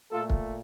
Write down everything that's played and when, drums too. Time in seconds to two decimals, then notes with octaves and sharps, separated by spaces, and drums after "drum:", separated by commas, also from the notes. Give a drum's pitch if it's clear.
0.11 A#2 A3 F4 A4
0.30 drum: kick